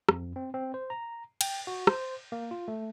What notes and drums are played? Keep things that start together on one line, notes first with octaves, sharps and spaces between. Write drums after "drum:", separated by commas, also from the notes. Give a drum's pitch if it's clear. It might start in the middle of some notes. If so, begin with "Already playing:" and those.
F2, drum: rim click
C4
C4
C5
A#5
G5, drum: cymbal
F#4
C5, drum: rim click
A#3
F4
A3